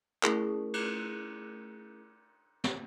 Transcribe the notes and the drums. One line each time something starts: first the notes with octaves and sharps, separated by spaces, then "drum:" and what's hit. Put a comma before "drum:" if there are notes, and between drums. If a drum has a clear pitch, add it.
A3 C#4 E4 G#4 A#4, drum: clap
drum: cymbal
drum: snare